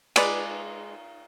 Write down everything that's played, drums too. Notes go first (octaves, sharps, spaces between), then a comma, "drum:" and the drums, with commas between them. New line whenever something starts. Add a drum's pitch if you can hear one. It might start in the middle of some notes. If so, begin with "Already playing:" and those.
G#3 B4 D5, drum: cymbal